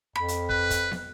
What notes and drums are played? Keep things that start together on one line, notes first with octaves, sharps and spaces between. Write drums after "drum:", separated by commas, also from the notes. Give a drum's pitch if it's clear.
F2 B5
drum: hi-hat
B4, drum: kick
drum: kick, hi-hat
drum: snare